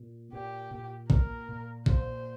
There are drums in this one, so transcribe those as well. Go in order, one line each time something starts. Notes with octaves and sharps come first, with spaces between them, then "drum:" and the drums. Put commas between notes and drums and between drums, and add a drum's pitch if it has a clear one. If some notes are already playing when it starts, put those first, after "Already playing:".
Already playing: A#2
A#2 G4
A#2
A#3 A#4, drum: kick
A#2
A#2 C5, drum: kick